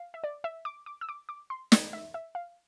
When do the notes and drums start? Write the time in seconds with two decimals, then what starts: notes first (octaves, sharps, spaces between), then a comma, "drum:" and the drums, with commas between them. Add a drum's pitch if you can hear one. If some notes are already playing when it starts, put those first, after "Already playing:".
Already playing: F5
0.14 E5
0.24 D5
0.44 E5
0.65 D6
0.86 D6
1.01 E6
1.09 D6
1.29 D6
1.50 C6
1.72 D5, drum: snare
1.93 E5
2.14 E5
2.35 F5